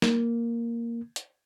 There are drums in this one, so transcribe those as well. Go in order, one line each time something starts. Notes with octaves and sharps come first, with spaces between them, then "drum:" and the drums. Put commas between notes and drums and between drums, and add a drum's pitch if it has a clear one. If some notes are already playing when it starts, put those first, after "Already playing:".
A#3, drum: snare
drum: hi-hat